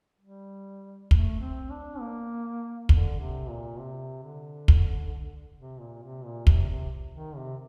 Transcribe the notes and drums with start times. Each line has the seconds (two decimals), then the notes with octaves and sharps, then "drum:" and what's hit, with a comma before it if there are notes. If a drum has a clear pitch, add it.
0.21 G3
1.11 A3, drum: kick
1.40 C4
1.70 D4
2.00 A#3
2.89 D3, drum: kick
3.20 C3
3.49 A#2
3.79 C3
4.23 D3
4.68 drum: kick
5.57 C3
5.80 A#2
6.03 C3
6.24 A#2
6.47 C3, drum: kick
6.69 C3
7.14 D#3
7.36 C3